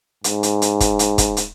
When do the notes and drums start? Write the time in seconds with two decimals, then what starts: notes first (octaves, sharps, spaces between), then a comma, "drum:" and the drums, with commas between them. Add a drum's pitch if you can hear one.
0.24 G#2, drum: hi-hat
0.43 drum: hi-hat
0.62 drum: hi-hat
0.80 drum: kick, hi-hat
0.99 drum: hi-hat
1.18 drum: kick, hi-hat
1.37 drum: hi-hat